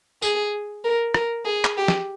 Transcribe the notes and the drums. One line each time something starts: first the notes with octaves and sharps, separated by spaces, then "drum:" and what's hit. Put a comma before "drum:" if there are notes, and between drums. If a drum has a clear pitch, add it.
G#4, drum: tambourine
A#4
A#4, drum: rim click
G#4
drum: clap
G4
drum: snare